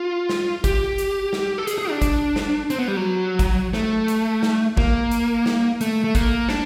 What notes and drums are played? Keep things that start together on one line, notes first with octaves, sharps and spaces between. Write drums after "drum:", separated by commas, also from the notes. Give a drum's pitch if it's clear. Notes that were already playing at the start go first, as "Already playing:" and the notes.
Already playing: F4
drum: snare
G4, drum: kick G1, hi-hat
drum: hi-hat
drum: snare
A4
G#4, drum: hi-hat
G#4
D4
drum: kick G1, hi-hat
drum: snare
C4, drum: hi-hat
B3
G3
F#3
drum: kick G1, hi-hat
A3, drum: snare
drum: hi-hat
drum: snare
A#3, drum: kick G1
drum: hi-hat
drum: snare
A3, drum: hi-hat
A3
A#3, drum: kick G1, hi-hat
D4, drum: snare